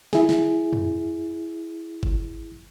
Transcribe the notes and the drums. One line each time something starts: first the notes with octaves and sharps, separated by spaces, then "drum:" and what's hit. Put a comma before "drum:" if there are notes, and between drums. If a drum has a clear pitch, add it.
E4 G#4, drum: snare
drum: snare
drum: tom
drum: kick G1